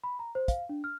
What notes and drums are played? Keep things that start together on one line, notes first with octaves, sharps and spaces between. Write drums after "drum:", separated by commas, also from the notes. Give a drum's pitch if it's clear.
B5
A#5
C5
F5, drum: kick, hi-hat
D4
F6